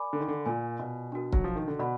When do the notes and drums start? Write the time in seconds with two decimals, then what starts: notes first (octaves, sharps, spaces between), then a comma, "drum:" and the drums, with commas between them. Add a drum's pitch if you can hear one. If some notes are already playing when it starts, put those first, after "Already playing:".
Already playing: A#4 D5 G#5 B5 D6
0.13 D3
0.20 D#3
0.28 D3
0.46 A#2 F4 A#4 D5 G#5
0.79 B2
1.12 D4 F#4 A#4
1.33 F#3, drum: kick
1.44 F3
1.56 D#3
1.68 D3
1.79 B2 F#4 D5 F#5 B5